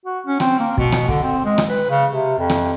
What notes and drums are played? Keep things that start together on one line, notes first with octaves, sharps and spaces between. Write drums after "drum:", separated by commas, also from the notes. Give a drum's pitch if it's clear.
F#4
C#4
C4, drum: rim click
A#3
B2, drum: kick
drum: rim click
D3, drum: kick
C4
G#3
drum: rim click
B4
C#3
C3
F2
drum: rim click